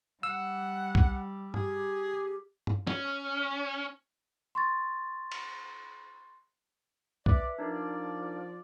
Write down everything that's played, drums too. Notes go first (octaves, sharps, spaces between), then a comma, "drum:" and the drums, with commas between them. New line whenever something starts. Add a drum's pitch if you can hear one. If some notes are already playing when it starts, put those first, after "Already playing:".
G3 F#5 E6
drum: kick C2
G4 G#4, drum: tom G2
drum: tom G2
C#4, drum: snare
C6 C#6 A6
drum: cymbal
B4 D5 E5, drum: kick C2
F3 D4 D#4 A#4 D5